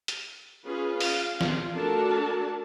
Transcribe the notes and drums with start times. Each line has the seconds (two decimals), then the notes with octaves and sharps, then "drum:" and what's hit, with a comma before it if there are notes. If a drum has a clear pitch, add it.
0.08 drum: hi-hat
0.66 C#4 F4 G#4 B4
1.00 F5, drum: open hi-hat
1.41 F4, drum: snare
1.74 A3 D4 F#4 A4 A#4 A5